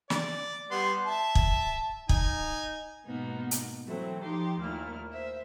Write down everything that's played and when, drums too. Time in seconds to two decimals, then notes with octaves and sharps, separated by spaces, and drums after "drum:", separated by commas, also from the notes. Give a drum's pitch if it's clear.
0.10 D5, drum: snare
0.71 G3 B3 C6
1.06 E5 A5
1.35 drum: kick
2.09 D#4 G#5, drum: kick
3.06 G#2 B2 A#3 B3 D#4
3.51 drum: hi-hat
3.86 E3 F#3 A3 C4 E4
4.23 F3 D#4 G4 C6 D6
4.60 D#2 A#2 A3 E4 F6
5.10 C5 E5